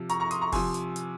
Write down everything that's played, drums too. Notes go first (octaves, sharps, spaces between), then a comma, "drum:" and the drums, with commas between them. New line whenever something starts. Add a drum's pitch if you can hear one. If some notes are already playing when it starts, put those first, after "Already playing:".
Already playing: C3 F3
A#5 C#6, drum: hi-hat
A#5 C#6
C6 D#6, drum: hi-hat
A#5 C#6
C3 F3 G#5 C6, drum: kick, open hi-hat
drum: hi-hat
drum: hi-hat